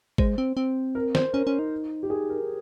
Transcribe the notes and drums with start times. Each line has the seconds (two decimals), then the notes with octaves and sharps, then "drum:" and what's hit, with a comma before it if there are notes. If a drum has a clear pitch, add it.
0.18 G#3 C5, drum: kick
0.38 C4
0.57 C4
0.95 A#4
1.15 C5, drum: snare
1.33 C#4 A#4
1.47 C#4
1.59 D#4
2.03 G4
2.10 G#4
2.30 A#4